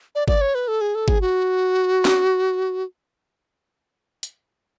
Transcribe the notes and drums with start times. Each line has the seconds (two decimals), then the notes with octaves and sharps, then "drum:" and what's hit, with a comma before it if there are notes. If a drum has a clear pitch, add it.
0.15 D5
0.28 D5, drum: kick G1
0.41 C#5
0.55 B4
0.68 A4
0.81 G#4
0.95 A4
1.08 G#4, drum: kick G1
1.21 F#4
2.05 drum: snare
4.23 drum: hi-hat